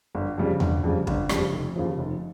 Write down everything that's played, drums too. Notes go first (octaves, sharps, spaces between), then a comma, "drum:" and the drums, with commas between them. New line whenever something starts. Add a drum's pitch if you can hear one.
G1
F2 C#3 G3
G1, drum: tom E2
F2 C#3 G3
G1, drum: kick
F2 C#3 G3, drum: rim click
F1
D#2 C#3 F3
F1